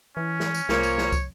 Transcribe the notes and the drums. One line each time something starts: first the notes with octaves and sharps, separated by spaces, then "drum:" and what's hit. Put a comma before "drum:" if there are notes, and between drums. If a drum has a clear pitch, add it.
E3 C#4
drum: snare
drum: tambourine
C2 F3 A#3 C#5, drum: snare
drum: tambourine
drum: snare
drum: kick, tambourine